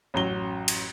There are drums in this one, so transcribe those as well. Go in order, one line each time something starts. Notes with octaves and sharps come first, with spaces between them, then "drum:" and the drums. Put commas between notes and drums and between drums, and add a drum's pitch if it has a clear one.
A1 F#2 F#3 G7
drum: cymbal